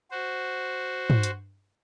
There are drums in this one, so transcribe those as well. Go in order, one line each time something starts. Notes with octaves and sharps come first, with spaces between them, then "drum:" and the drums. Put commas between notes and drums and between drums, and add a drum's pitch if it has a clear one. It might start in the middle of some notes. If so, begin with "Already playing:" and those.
F#4 C5
drum: tom
drum: hi-hat